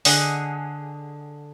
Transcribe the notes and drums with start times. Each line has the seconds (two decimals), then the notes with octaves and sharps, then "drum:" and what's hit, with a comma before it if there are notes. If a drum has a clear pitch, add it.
0.05 D3 D4 G#4 D#5 F#5, drum: open hi-hat